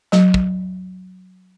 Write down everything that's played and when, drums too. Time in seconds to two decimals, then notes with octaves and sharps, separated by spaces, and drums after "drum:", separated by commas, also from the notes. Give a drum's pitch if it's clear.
0.12 F#3, drum: snare
0.34 drum: kick